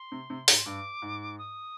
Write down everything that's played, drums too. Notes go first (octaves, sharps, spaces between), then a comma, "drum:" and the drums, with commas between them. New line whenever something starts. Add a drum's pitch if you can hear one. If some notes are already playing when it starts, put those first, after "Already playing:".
Already playing: C6
C3
C3
G#2, drum: open hi-hat
A#5
C6
G2 D6
G#2
D#6